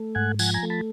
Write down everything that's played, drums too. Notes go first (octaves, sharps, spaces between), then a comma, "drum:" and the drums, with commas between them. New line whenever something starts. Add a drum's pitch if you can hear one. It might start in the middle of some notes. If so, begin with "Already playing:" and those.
Already playing: A3
G#2 F#5 G#5
F3 F#5 G#5, drum: tambourine
G#5 A#5
A3
A5 B5